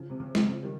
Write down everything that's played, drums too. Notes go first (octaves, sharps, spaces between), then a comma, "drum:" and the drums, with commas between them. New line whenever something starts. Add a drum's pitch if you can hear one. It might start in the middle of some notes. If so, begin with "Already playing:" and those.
Already playing: C#3 F3
C3
C#3
C3, drum: snare
C#3 F3
D#3 G3